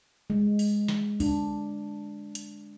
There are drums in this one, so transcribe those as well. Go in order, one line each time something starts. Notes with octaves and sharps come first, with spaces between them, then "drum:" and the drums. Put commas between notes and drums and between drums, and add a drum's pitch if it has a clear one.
G#3
drum: open hi-hat
drum: snare
D4, drum: kick, open hi-hat
drum: hi-hat